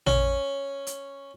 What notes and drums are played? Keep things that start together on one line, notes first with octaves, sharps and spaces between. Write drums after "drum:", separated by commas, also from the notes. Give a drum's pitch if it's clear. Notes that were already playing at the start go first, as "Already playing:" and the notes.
C#4, drum: tom A1
drum: hi-hat